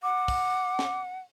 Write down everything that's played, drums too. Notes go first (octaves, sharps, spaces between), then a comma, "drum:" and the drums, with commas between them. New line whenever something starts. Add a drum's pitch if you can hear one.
F#5 D6
drum: kick, open hi-hat
drum: snare